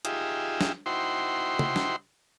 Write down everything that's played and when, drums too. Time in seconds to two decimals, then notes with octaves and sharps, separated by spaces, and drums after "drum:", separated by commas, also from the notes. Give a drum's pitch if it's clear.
0.05 D#4 F4 G4 G#4 E5, drum: hi-hat
0.61 drum: snare
0.86 D#4 E4 F#4 C5 G5 C6
1.59 drum: tom C#3
1.76 drum: snare